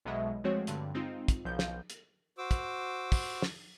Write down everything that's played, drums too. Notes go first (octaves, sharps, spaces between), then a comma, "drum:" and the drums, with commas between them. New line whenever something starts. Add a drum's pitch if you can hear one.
B1 B2 F#3 G#3 D#5 E5
F3 G#3 A3 C4 F#4 C#5
G2 D3, drum: hi-hat
G#3 C4 D#4 F4
drum: kick, hi-hat
B1 F3 F5 G6
drum: snare
drum: hi-hat
F#4 C5 D6 E6
drum: kick, hi-hat
drum: kick, open hi-hat
drum: snare